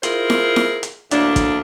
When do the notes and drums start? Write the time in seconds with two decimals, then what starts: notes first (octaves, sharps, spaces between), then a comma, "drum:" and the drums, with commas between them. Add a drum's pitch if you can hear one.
0.03 E4 F4 G#4 A#4 C5, drum: hi-hat
0.30 drum: snare E4
0.56 drum: snare E4
0.83 drum: hi-hat
1.11 D2 A2 A#3 D4, drum: hi-hat
1.36 drum: kick, hi-hat